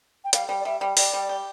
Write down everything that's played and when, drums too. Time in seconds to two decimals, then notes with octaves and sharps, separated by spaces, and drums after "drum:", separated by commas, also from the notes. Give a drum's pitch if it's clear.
0.24 G5
0.33 G3 F5, drum: hi-hat
0.49 G3
0.60 D5
0.65 G3 E5
0.81 G3
0.97 G3 D5, drum: open hi-hat
1.13 G3
1.29 G4